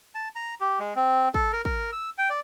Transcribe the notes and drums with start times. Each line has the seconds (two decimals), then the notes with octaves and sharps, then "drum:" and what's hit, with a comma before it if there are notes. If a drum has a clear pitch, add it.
0.15 A5
0.36 A#5
0.61 G4
0.79 G#3
0.96 C4
1.34 A4, drum: kick
1.53 A#4
1.65 A#4, drum: kick
1.92 E6
2.18 G5
2.30 D5